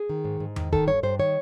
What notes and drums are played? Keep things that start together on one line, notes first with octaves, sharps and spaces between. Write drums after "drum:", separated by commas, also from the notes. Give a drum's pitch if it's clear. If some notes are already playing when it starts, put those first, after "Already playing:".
Already playing: G#4
D#3
G#2
G#2
D#3, drum: tom E2
D#3 A4, drum: kick D#1
G2 C#5
G2 C5
D#3 C#5